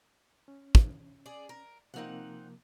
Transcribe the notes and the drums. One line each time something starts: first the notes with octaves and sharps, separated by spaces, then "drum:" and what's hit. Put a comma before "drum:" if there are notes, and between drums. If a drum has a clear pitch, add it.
C#4
drum: kick
G#4 D5
A#4
C3 F3 A#3 C4 D#4 F#5